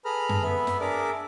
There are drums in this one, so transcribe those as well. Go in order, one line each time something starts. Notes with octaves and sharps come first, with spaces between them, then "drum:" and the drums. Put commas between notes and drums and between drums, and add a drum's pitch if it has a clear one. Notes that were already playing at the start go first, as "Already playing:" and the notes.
G#4 A4 B4 A#5 B5 F6
drum: tom F#2
B3 B4 E5
drum: snare
D4 G#4 A#4 D5 E5 D6